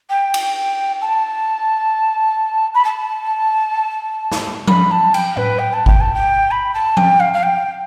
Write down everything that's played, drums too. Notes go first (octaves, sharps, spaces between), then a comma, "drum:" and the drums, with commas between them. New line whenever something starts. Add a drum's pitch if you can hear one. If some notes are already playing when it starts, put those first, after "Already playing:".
G5
drum: cymbal
A5
B5
A5
drum: snare
B5, drum: tom F3
A5
G5, drum: cymbal
B4, drum: tom A2
G5
A5
G5, drum: kick G#1
A5
G5
B5
A5
G5, drum: tom F3
F5
F5
G5